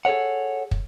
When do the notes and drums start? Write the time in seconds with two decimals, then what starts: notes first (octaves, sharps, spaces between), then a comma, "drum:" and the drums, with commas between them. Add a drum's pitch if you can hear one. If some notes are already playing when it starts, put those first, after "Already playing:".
0.05 G#4 A4 B4 C#5 F#5
0.71 drum: kick